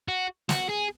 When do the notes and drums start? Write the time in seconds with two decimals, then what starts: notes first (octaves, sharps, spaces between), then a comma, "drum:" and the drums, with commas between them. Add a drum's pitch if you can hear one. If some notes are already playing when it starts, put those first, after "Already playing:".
0.08 F#4
0.49 F#4, drum: snare
0.69 G#4